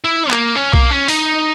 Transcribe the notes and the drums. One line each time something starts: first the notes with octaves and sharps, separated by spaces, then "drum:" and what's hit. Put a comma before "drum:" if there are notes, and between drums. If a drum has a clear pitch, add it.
E4
A#3, drum: clap
C#4
A#3, drum: kick B1
C#4
D#4, drum: open hi-hat